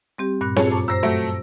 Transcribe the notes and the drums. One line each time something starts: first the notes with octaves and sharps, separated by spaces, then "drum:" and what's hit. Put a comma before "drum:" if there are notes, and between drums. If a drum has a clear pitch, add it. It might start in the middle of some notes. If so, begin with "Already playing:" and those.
G3 C4 G4
G2 A#2 F#6
F4 G#4 A4 C#5, drum: snare C4
F#2 D6
C5 A#5 E6 A#6
F#3 A3 D7